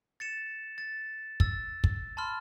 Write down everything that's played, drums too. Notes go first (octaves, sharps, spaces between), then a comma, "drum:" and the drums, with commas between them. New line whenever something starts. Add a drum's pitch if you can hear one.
A6 C#7 E7
A6
E6 A6, drum: kick
drum: kick
A5 B5 C6 F6